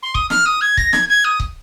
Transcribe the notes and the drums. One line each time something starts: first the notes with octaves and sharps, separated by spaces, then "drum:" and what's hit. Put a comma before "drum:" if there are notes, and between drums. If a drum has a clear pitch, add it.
C6
D#6, drum: kick
F6, drum: snare
D#6
G#6
A#6, drum: kick
G#6, drum: snare
G#6
D#6
drum: kick